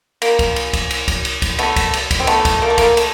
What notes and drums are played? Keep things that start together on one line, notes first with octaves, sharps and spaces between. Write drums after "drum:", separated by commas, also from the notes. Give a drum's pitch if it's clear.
A#3, drum: cymbal
drum: kick, cymbal
drum: cymbal
drum: kick, cymbal
drum: cymbal
drum: kick, cymbal
drum: cymbal
drum: kick, cymbal
A3 B3, drum: cymbal
drum: kick, cymbal
drum: cymbal
drum: kick, cymbal
C4
A3 B3, drum: cymbal
drum: kick, cymbal
A#3
A3
A#3, drum: kick, cymbal
A3, drum: cymbal